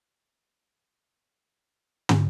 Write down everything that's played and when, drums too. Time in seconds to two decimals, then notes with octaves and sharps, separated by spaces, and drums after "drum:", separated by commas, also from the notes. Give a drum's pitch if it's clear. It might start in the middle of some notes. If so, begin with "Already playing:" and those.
0.08 G3 B3 F#4 G4 A4
2.09 drum: tom